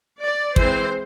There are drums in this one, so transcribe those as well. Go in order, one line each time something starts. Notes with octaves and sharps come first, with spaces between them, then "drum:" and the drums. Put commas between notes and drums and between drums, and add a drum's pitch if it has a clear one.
D5
E3 G#3 C4 C5, drum: kick